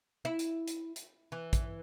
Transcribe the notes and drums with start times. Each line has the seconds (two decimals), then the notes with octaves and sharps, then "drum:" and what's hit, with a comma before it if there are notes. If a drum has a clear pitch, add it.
0.25 E4
0.39 drum: hi-hat
0.68 drum: hi-hat
0.96 drum: hi-hat
1.32 E3
1.53 drum: kick, hi-hat